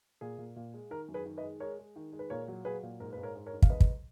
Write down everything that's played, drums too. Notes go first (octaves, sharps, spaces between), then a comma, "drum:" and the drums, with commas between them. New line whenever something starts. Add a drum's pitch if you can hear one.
A#2 G#4
A#2
A#2
G#3
D#3 A#4
F#2
G#4 B4
D#3
B4 D#5
G#3
G#3 A#4 C#5
G#3
D#3
G#3
B4
A#2 A#4 C#5
F#3
F#3 G#4 B4
A#2
G#2 A#4
G#2 B4
A#4 C#5
G#2
A#4 C#5
G#2
F5, drum: kick
F2 B4 D#5
drum: kick